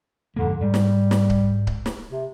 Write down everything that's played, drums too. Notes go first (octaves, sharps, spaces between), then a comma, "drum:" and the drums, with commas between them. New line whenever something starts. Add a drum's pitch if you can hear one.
F2 G#2 D3 A#3
G#2 G3
drum: snare
drum: snare
drum: kick C#1
drum: kick C#1
drum: snare
C3